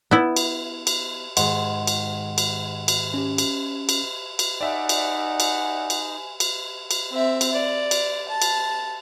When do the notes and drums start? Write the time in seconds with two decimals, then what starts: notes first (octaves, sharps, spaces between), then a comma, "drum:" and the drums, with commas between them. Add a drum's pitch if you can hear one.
0.11 B3 E4
0.36 drum: cymbal
0.87 drum: cymbal
1.37 G#2 D#3 D#5 F#5 C6, drum: cymbal
1.87 drum: cymbal
2.38 drum: cymbal
2.88 drum: cymbal
3.14 C#4 G4
3.38 drum: cymbal
3.89 drum: cymbal
4.39 drum: cymbal
4.61 D#4 D5 E5 F#5 G#5
4.89 drum: cymbal
5.40 drum: cymbal
5.90 drum: cymbal
6.40 drum: cymbal
6.91 drum: cymbal
7.11 C4 E5
7.41 drum: cymbal
7.52 D5
7.91 drum: cymbal
8.29 A5
8.42 drum: cymbal